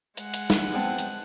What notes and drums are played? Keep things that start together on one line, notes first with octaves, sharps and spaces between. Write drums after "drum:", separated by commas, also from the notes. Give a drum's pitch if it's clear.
G#3 F#5, drum: hi-hat
drum: hi-hat
drum: snare
B3 C4 A5
drum: hi-hat